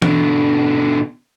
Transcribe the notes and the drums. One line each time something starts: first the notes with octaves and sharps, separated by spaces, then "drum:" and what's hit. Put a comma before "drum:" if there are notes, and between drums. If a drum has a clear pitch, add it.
B2 D3, drum: tom E3